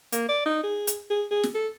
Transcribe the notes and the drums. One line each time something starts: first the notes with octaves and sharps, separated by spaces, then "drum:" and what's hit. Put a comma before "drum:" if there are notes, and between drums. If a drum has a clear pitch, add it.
A#3, drum: hi-hat
D5
D#4
G#4
drum: hi-hat
G#4
G#4
drum: snare
A4